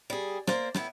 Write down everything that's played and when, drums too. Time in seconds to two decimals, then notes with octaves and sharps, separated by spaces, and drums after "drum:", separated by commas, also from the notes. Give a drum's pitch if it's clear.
0.10 G3 G#4
0.47 A#3 C5 D5, drum: rim click
0.74 A2 B3 E4, drum: rim click